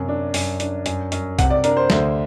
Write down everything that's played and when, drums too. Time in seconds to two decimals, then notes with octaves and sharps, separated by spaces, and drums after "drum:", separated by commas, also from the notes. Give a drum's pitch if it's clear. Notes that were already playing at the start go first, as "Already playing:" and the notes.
Already playing: F#2 C3
0.09 D4
0.34 F#2, drum: open hi-hat
0.60 D4, drum: hi-hat
0.86 F#2, drum: hi-hat
1.12 F#2, drum: hi-hat
1.39 C3 F#5, drum: kick B1, hi-hat
1.50 D5
1.64 D4 A#4, drum: hi-hat
1.77 C5
1.90 D2 C5, drum: snare